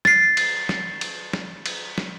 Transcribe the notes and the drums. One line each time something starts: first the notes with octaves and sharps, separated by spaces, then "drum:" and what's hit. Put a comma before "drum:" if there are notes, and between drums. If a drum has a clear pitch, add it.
A6 C7, drum: snare
drum: cymbal
drum: snare
drum: cymbal
drum: snare
drum: cymbal
drum: snare